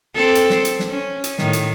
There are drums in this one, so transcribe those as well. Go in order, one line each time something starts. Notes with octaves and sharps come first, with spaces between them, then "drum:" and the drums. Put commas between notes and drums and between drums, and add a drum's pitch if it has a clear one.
C4 A4
drum: hi-hat
drum: snare
drum: hi-hat
drum: snare
C#4
drum: hi-hat
A2 D#3, drum: snare
drum: hi-hat